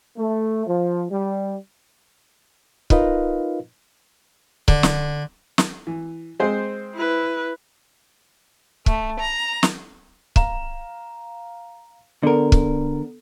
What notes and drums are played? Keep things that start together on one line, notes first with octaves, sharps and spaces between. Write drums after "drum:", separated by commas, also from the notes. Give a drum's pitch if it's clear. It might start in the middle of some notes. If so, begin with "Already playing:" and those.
A3
F3
G3
D#4 F4 A#4 B4 D#5 F5, drum: kick
D3, drum: kick
drum: snare
drum: snare
E3
G#3 C4 C5
E4 B4
A3, drum: kick
A#5
drum: snare
F5 A#5 E7, drum: kick
D3 B3 A4 A#4 D5
drum: kick